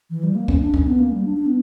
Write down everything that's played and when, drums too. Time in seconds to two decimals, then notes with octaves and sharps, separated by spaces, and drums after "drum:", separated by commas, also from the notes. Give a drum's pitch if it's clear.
0.10 E3
0.23 G3
0.35 A#3
0.48 C#4, drum: kick
0.61 D4
0.74 C#4, drum: kick
0.87 B3
0.99 A#3
1.12 G3
1.25 D4
1.37 D4
1.46 B3